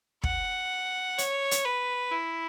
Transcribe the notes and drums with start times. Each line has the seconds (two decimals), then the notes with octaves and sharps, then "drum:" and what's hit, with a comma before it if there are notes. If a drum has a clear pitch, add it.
0.23 F#5, drum: kick
1.18 C#5, drum: hi-hat
1.51 drum: hi-hat
1.64 B4
2.12 E4